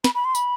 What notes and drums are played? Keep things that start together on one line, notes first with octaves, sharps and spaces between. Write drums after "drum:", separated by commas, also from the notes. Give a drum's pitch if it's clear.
B5, drum: snare
B5
C6
B5, drum: tambourine